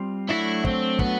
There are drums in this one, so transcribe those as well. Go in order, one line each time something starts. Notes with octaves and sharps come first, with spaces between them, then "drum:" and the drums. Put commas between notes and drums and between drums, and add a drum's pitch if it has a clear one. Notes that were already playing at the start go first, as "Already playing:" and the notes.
Already playing: G3 C4 F4
F#3 A3 D4 E4 F#4
C4, drum: kick
B3, drum: kick